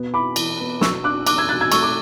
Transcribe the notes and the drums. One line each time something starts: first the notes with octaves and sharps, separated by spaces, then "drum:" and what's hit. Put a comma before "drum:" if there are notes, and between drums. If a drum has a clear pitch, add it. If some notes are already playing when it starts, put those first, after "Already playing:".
Already playing: B2 B3
E4 B5 D6
E3, drum: cymbal
B3
B2 C#6 E6, drum: snare
D4 D6 F#6
D4 D6 F#6, drum: cymbal
E6 G#6
B2 F#6 A6
E6 G#6
A3 C#6 E6, drum: cymbal
D6